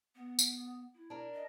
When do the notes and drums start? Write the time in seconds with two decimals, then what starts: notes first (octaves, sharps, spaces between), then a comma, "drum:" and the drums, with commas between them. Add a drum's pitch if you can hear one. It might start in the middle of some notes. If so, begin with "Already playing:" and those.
0.15 B3
0.39 drum: tambourine
0.94 E4
1.10 D4 A#4
1.34 D#5